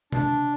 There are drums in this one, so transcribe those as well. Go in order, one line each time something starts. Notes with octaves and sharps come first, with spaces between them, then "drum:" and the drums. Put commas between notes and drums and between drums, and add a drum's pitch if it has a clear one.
D4, drum: tom C3